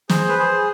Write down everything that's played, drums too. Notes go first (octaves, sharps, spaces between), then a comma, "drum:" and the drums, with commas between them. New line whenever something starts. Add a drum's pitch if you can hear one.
G#4 C5, drum: snare
B4
G#4 C5